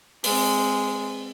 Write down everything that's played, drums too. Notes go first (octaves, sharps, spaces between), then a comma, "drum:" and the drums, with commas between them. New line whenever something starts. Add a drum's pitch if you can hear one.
G#3 C4, drum: open hi-hat